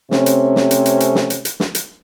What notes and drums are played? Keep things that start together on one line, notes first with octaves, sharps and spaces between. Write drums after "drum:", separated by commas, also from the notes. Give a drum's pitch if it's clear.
C3 A3 C4 C#4, drum: snare
drum: hi-hat
drum: snare
drum: hi-hat
drum: hi-hat
drum: hi-hat
drum: snare
drum: hi-hat
drum: hi-hat
drum: snare
drum: hi-hat